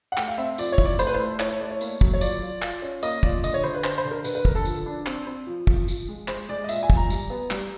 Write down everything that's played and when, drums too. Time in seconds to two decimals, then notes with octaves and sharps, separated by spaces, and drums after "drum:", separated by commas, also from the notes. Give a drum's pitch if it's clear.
0.12 F#5
0.17 A3 G5, drum: clap
0.28 F5
0.38 C4 E5
0.58 F3 D5, drum: tambourine
0.72 C#5
0.78 E4, drum: kick
0.85 D5
0.99 A3 C5, drum: tambourine
1.07 B4
1.14 C5
1.19 A3
1.40 E4 C#5, drum: clap
1.50 C#5
1.60 A3 D5
1.71 C#5
1.81 A#3, drum: tambourine
2.01 F#3, drum: kick
2.14 C#5
2.21 F4 D5, drum: tambourine
2.41 F4
2.62 F4, drum: clap
2.82 C#4
3.03 A#3 D#5, drum: tambourine
3.23 F4 D5, drum: kick
3.44 D3 D#5, drum: tambourine
3.54 C#5
3.64 D3 C5
3.74 B4
3.84 D4 C5, drum: clap
3.98 C5
4.05 D3
4.11 A#4
4.24 D3 B4, drum: tambourine
4.35 B4
4.45 D3 A#4, drum: kick
4.55 A4
4.65 F3, drum: tambourine
4.86 D4
5.06 C4, drum: clap
5.27 C4
5.47 F3
5.67 F3, drum: kick
5.88 F3, drum: tambourine
6.08 G#3
6.28 G#3 C5, drum: clap
6.49 G#3 D5
6.64 D#5
6.69 A#2 E5, drum: tambourine
6.83 G#5
6.90 A#2, drum: kick
6.97 A#5
7.10 G3, drum: tambourine
7.30 B3
7.51 G3, drum: clap